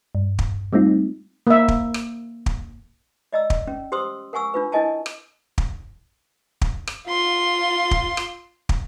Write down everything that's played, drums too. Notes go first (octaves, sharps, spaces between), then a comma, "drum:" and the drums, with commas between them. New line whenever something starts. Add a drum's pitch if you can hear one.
G2
drum: kick
G3 A3 C4 D#4 F4
A#3 E5
drum: kick
drum: rim click
drum: kick
D5 D#5 A#5 E6
drum: kick
C#4
G4 C5 C6 D#6 E6
A#4 F#5 G#5 C#6 E6
D4 F4 B4
D4 E4 A#4 D#5 G#5 A5
drum: rim click
drum: kick
drum: kick
drum: rim click
F4 C6
drum: kick
drum: rim click
drum: kick